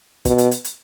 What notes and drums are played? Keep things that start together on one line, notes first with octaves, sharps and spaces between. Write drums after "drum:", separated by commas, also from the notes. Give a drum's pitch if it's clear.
B2, drum: kick, hi-hat
drum: hi-hat
drum: hi-hat
drum: hi-hat